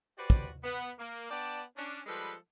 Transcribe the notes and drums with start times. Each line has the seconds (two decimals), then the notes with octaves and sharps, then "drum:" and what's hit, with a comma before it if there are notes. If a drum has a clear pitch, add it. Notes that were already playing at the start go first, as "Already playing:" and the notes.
0.17 F#4 G4 B4 C5 D5
0.30 drum: kick
0.63 B3
0.99 A#3
1.30 B3 D4 D5 G5 A5
1.77 C#4 D4
2.06 F3 G3 G#3 A4 B4